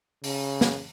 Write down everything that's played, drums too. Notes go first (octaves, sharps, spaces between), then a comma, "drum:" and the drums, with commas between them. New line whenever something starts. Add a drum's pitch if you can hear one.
C#3, drum: open hi-hat
drum: snare